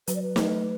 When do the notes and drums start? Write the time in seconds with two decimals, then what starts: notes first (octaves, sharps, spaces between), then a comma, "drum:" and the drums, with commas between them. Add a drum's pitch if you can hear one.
0.07 F#3 B4, drum: hi-hat
0.16 D5
0.22 B4
0.36 A3, drum: snare